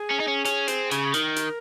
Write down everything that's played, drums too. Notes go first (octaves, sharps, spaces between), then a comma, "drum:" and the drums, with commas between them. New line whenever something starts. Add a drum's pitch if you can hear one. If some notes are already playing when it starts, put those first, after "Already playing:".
Already playing: G#4
C#4
D#4
C#4
C#4, drum: hi-hat
C4, drum: hi-hat
C#3, drum: hi-hat
D#3 A#4, drum: hi-hat
drum: hi-hat